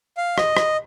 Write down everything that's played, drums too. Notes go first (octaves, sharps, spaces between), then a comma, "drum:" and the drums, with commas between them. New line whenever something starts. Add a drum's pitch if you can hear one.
F5
D#5, drum: rim click
drum: rim click